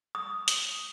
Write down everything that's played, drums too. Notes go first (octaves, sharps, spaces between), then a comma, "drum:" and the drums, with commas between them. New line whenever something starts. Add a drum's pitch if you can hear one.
D#6
drum: hi-hat